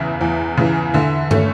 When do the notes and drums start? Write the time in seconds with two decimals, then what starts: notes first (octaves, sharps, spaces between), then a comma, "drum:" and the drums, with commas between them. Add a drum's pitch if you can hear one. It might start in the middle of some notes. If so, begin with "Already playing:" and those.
Already playing: E2 C#3 E3 E5
0.21 E2
0.57 C#3 E3
0.94 D3 E5
1.31 A3 C#4, drum: tom